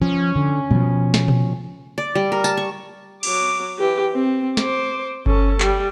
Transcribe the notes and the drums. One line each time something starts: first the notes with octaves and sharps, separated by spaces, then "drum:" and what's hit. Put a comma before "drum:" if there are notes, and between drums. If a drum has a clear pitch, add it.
F3 C#4
D3
B2 F3, drum: tom
drum: snare
drum: tom B2
D5
G3
A#4
A5, drum: tambourine
C#6
F#3 D6, drum: cymbal
E3 G4
C4
C5 D6, drum: snare
C#4 A4, drum: kick G1
G3, drum: clap